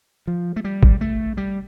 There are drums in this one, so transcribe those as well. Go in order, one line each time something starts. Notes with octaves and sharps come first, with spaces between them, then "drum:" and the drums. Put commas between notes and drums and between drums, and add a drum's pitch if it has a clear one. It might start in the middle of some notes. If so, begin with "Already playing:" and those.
F3
A3
G3
drum: kick G#1
A3
G3